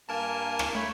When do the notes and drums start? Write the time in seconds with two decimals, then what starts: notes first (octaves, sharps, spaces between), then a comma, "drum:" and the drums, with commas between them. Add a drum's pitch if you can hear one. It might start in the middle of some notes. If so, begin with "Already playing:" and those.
0.09 G2 A#3 A#4 G#5 A5
0.59 drum: rim click
0.75 A3 C#5 B5